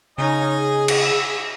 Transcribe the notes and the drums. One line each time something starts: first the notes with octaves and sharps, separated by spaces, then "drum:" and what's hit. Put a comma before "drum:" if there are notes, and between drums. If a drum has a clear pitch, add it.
C#3 C#4 D#4 D#5 G#5
G#4
drum: cymbal
E5